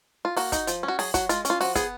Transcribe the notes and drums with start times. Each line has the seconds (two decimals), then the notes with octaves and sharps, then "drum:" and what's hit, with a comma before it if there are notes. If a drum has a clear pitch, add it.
0.25 F4
0.36 A#3 F#4, drum: open hi-hat
0.52 D#4, drum: kick, hi-hat
0.67 F3, drum: hi-hat
0.83 C#4
0.88 F#4
0.99 F#3 G#4, drum: open hi-hat
1.14 F#3 F#4, drum: kick, hi-hat
1.29 G#3 F4, drum: hi-hat
1.45 C#4, drum: hi-hat
1.50 F4
1.61 F3 F#4, drum: open hi-hat
1.75 B3 G#4, drum: kick, hi-hat